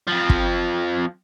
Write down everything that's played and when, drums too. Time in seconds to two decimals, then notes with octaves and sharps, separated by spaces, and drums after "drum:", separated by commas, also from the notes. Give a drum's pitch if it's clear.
0.08 F2 F3
0.30 drum: kick